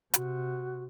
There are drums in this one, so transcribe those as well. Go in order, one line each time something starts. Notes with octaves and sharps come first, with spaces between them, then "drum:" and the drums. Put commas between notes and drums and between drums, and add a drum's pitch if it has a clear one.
C3 F#4, drum: hi-hat